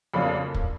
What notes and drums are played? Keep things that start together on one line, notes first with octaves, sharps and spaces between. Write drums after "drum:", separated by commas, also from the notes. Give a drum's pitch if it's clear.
F2 C#3 F#3 A#3 D4 B5
drum: kick